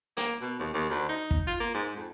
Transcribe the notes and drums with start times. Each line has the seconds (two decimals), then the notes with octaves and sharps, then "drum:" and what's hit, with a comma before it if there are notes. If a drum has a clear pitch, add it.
0.17 A#3, drum: hi-hat
0.41 B2
0.59 D#2
0.74 D#2
0.90 D2
1.09 D#4
1.31 drum: kick
1.47 F4
1.60 A#3
1.74 G#2
1.96 F2